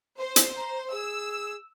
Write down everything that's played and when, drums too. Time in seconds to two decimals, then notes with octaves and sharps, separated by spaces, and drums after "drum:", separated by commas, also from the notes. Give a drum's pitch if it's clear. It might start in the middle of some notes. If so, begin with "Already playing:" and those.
0.17 C5
0.36 drum: hi-hat
0.56 A#5
0.92 G#4 E6